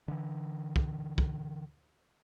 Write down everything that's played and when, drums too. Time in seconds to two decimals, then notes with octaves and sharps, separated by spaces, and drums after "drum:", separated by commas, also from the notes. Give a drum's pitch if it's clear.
0.08 D3 E3
0.76 drum: kick
1.18 drum: kick